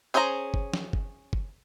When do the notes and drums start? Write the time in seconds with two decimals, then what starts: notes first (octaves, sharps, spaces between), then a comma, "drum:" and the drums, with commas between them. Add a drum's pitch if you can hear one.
0.14 C#4 G#4 C5 D5 A#5
0.54 drum: kick F#1
0.74 drum: snare
0.93 drum: kick F#1
1.33 drum: kick F#1